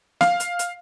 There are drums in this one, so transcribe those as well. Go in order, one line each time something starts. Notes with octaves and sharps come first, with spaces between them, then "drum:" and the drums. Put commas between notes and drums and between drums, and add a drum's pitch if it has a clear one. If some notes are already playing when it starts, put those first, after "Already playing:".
F5, drum: snare
drum: hi-hat
drum: hi-hat